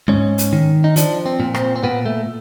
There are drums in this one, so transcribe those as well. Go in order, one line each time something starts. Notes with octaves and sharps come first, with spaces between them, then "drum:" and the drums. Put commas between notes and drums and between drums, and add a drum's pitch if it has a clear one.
G#2 C#4, drum: kick
drum: hi-hat
D#3
D#4
F3 D4, drum: hi-hat
C4
A#2
C4, drum: rim click
C4
A#2 B3
A3